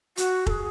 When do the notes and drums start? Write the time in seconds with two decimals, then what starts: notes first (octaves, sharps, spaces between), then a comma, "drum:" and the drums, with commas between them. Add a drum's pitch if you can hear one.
0.17 F#4, drum: hi-hat
0.46 A4, drum: kick F1
0.50 G#4